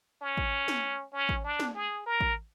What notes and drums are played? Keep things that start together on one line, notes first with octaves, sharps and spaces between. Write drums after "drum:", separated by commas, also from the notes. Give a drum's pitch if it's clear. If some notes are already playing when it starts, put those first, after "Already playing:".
C#4
drum: kick A1
drum: snare
C#4
drum: kick A1
D4
drum: snare
G#4
A#4
drum: kick A1